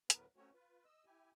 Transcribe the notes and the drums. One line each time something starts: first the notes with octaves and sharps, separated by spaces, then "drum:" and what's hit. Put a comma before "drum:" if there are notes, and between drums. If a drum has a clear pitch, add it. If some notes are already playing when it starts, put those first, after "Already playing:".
D2 A2 F#3 B3 A#4 B4, drum: hi-hat
F#3 A3 C4 C#4 F#4 C#5
F4 B4
D#5 E6
E4 G4 G#5